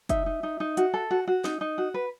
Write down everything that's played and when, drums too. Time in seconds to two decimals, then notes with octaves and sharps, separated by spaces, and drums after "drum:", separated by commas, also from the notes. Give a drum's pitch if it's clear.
0.09 D#4 E5, drum: kick, hi-hat
0.26 D#4
0.43 D#4
0.60 D#4
0.77 F#4, drum: hi-hat
0.94 A4
1.11 F#4
1.28 F#4
1.44 D#4, drum: snare
1.61 D#4
1.78 F#4
1.94 B4